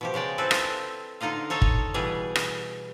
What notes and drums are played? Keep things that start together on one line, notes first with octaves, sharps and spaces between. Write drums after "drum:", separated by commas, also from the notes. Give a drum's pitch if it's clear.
B2 F3 G4
C#3 G#3 D5 G5
C4 E4 A4 B4
drum: rim click
D3 D#4 F4 D#5 F5
D#4 A4 C#5 F5
drum: kick
B2 E3 G3 G#4
drum: rim click